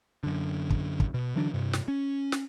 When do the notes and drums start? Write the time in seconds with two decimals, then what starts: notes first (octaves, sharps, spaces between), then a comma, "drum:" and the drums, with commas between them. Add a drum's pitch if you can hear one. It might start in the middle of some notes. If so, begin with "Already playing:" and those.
0.23 F#2 D3
0.70 drum: kick
1.00 drum: kick
1.14 B2
1.36 D3 E3 F#3 D4
1.54 G2 C3
1.73 drum: snare
1.88 C#4
2.32 drum: snare